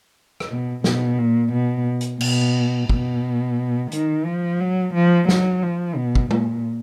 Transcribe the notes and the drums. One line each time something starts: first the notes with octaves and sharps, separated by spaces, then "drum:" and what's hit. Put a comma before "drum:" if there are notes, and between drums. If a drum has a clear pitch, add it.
drum: rim click
B2
B2, drum: snare
A#2
B2
drum: hi-hat
B2, drum: cymbal
B2, drum: kick
D#3, drum: hi-hat
F3
F#3
F3
F#3, drum: snare
F3
B2
drum: kick
A#2, drum: tom G#3